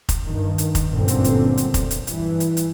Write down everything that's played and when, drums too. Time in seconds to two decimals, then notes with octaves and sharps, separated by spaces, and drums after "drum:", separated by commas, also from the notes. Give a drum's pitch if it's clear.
0.09 drum: kick F1, hi-hat
0.24 G2 D#3
0.58 drum: hi-hat
0.75 drum: kick F1, hi-hat
0.92 G1 F#2 A#2 D3 C4
1.08 drum: hi-hat
1.24 drum: hi-hat
1.57 drum: hi-hat
1.74 drum: kick F1, hi-hat
1.91 drum: hi-hat
2.07 G2 E3, drum: hi-hat
2.40 drum: hi-hat
2.57 drum: hi-hat